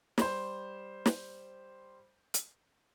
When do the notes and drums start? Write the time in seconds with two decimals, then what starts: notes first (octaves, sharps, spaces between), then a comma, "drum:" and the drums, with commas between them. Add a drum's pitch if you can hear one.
0.18 G3 C5, drum: snare
1.06 drum: snare
2.34 drum: hi-hat